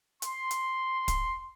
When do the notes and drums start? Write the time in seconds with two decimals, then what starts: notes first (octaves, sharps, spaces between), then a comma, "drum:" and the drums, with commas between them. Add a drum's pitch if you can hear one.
0.22 C6, drum: hi-hat
0.51 drum: hi-hat
1.08 drum: kick, hi-hat